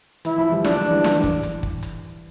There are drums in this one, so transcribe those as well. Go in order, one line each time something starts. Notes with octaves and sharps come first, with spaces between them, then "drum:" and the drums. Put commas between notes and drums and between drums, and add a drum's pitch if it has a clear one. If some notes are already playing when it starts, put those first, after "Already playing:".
E3 E4, drum: hi-hat
F3
E3 G3
F3 D4, drum: snare
F3
E3 G3
E3, drum: snare
drum: kick
drum: hi-hat
drum: kick
drum: hi-hat